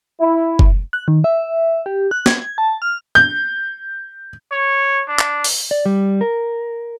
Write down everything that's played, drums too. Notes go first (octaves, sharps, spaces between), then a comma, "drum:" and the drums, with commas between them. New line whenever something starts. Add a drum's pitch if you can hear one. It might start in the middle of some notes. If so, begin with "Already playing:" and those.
E4
drum: kick F#1
F#6
D#3
E5
G4
F#6
G#6, drum: snare
A5
F6
G6
C#5
D4
drum: clap
drum: open hi-hat
D5
G3
A#4